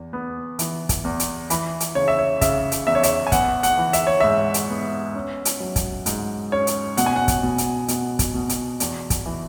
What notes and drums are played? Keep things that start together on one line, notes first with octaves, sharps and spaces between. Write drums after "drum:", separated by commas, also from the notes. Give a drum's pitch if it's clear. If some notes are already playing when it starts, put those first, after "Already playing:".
Already playing: E2
B3
E3, drum: hi-hat
drum: kick, hi-hat
E2
drum: hi-hat
E3 B5, drum: hi-hat
drum: hi-hat
C#3 C#5
E5
C#5
C#3 E5, drum: kick, hi-hat
drum: hi-hat
E2 E5
C#5
E5, drum: hi-hat
G#5
B3 F#5, drum: kick, hi-hat
F#5, drum: hi-hat
E3
E5, drum: hi-hat
C#5
G#2 E5
drum: hi-hat
B3
C#4
drum: hi-hat
F#3
drum: kick, hi-hat
G#2, drum: hi-hat
C#4 C#5
drum: hi-hat
B2 F#5, drum: hi-hat
G#5
F#5
drum: kick, hi-hat
B2
drum: hi-hat
B2, drum: hi-hat
drum: kick, hi-hat
B2
drum: hi-hat
E2, drum: hi-hat
drum: kick, hi-hat
E3